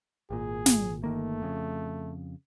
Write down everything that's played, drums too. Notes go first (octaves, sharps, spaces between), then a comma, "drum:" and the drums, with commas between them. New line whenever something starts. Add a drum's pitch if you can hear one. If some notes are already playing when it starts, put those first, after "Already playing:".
G#1 A#2 G#4
drum: snare
G1 D#3 A3 A#3
F2 C#3